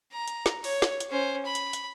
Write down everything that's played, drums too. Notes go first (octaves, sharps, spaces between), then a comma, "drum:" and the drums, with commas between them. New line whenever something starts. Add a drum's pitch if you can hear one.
A#5
drum: hi-hat
drum: snare
C#5, drum: open hi-hat
drum: snare
drum: hi-hat
C#4 C5
B5
drum: hi-hat
drum: hi-hat